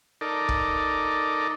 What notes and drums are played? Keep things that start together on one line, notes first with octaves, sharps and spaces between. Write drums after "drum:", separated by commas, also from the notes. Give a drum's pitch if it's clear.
D#4 A4 A#4 D5
drum: kick